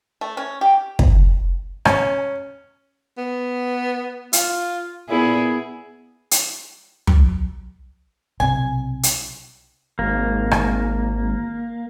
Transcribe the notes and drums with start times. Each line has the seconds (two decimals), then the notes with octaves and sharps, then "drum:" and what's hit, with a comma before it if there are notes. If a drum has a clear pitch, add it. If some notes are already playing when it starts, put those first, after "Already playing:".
0.21 A3
0.37 C#4
0.61 G4
0.99 drum: kick
1.85 C#4, drum: rim click
3.18 B3
4.33 F4, drum: hi-hat
5.09 A#2 B3 E4 G#4
6.31 drum: hi-hat
7.07 drum: tom
8.40 B1 C3 G#5
9.03 drum: hi-hat
9.99 G#1 A#3
10.51 drum: rim click